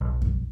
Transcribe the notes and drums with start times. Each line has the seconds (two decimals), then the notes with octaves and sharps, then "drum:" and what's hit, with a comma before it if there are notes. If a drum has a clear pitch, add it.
0.01 B1
0.22 drum: kick F#2